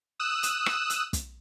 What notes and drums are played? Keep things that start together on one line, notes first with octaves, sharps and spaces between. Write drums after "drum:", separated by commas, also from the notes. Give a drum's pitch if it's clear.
D#6 E6 F#6 E7
drum: hi-hat
drum: rim click
drum: hi-hat
drum: kick, hi-hat